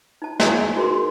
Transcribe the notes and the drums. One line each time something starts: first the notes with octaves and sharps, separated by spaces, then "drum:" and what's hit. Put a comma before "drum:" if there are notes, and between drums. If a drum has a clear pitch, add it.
D#4 A5
E4 G#4 D#5 G#5 A5 C#6, drum: snare
D#4 F#4 G#4 A#4 C6